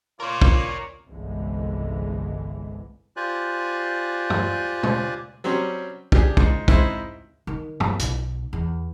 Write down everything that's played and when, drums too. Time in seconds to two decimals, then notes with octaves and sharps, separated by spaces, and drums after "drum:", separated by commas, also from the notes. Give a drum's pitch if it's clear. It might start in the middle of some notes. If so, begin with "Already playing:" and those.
0.20 F4 A#4 C#5 D5
0.42 drum: kick
1.07 G1 C2 D3 E3 G#3
3.17 F4 G4 C5 D5 G#5 F#6
4.30 drum: tom
4.83 drum: tom
5.44 F#3 G3 C4 C#4 G4
6.12 D4 G4 G#4, drum: kick
6.37 G#2, drum: kick
6.68 G#2 G#3 C4 E4, drum: kick
7.47 D#3
7.80 F4, drum: tom
7.99 B1, drum: hi-hat
8.53 E2